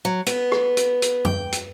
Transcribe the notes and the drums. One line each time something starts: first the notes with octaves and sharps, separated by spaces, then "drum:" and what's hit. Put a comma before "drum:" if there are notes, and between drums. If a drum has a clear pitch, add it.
F#3
B3, drum: hi-hat
drum: rim click
drum: hi-hat
drum: hi-hat
G5, drum: tom F#2
drum: hi-hat